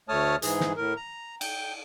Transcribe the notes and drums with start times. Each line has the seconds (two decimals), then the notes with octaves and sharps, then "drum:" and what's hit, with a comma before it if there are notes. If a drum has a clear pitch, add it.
0.09 D2 A3 C#5 A5 D#6 F6
0.42 G#2 E3 G#4, drum: hi-hat
0.60 drum: snare
0.76 A2 A#4
0.97 A#5
1.41 G5, drum: cymbal